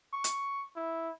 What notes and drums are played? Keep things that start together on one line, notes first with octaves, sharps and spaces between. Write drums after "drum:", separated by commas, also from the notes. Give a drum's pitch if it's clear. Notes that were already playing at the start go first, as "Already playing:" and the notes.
C#6
drum: hi-hat
E4